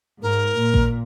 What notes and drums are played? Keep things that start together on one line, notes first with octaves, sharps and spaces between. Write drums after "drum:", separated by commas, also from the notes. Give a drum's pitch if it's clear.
G#2 A#4
A#2
drum: kick A1